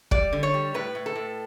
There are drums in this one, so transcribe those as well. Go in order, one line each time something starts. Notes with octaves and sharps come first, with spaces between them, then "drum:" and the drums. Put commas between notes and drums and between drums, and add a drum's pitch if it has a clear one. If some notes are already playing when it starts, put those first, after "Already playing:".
G3 D5, drum: kick
D3
C#5
G3
A2 B4
A2
A4
A2